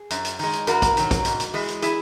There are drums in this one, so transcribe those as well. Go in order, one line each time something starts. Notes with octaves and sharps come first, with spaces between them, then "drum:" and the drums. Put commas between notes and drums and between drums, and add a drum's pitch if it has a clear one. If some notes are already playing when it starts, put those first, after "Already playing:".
Already playing: G#4
F#2, drum: hi-hat
drum: hi-hat
D#3 G#3, drum: open hi-hat
drum: hi-hat
E2 F#4 A#4, drum: hi-hat
drum: kick, hi-hat
D#3 F#3, drum: hi-hat
drum: kick, hi-hat
G#2, drum: hi-hat
drum: hi-hat
E3 G#3, drum: open hi-hat
drum: hi-hat
E4 G#4, drum: hi-hat